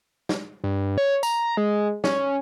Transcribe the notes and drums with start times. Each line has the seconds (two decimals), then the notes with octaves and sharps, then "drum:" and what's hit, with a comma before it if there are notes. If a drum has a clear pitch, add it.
0.29 drum: snare
0.64 G2
0.98 C#5
1.23 A#5, drum: tambourine
1.57 G#3
2.04 C#4, drum: snare